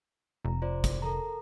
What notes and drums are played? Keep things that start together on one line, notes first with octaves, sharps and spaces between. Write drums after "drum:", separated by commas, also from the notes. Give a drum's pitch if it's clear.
F1 A#5
F4 C5 D5
drum: kick, hi-hat
A4 A#4 A#5